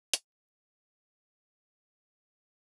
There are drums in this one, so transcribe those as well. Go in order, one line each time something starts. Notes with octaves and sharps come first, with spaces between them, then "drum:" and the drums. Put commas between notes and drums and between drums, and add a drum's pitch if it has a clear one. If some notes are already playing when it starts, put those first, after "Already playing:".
F#2 C4 G4, drum: hi-hat